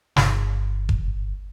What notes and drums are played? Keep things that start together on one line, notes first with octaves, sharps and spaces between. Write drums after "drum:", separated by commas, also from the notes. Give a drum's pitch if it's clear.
G1, drum: snare
drum: kick E1